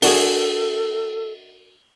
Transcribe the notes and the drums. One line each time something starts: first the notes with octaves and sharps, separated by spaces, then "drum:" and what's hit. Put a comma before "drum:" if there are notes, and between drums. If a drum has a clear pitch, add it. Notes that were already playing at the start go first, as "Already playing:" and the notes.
D4 F#4 G#4 A4, drum: open hi-hat